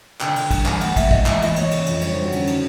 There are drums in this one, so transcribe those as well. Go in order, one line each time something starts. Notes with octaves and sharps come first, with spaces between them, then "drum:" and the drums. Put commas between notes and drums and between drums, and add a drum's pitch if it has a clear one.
D3 G5, drum: clap
D3, drum: cymbal
G2, drum: kick, cymbal
E3 G#5, drum: clap
A2 F#5, drum: cymbal
A2 E5, drum: kick, cymbal
G#2 D#5, drum: kick
E3 E5, drum: clap
E3 D#5, drum: cymbal
E3 C#5, drum: cymbal
C#3 D5, drum: cymbal
F2, drum: cymbal
G2 C#5, drum: cymbal
G2 C5
F#4
D3 C#4, drum: cymbal
D#3, drum: cymbal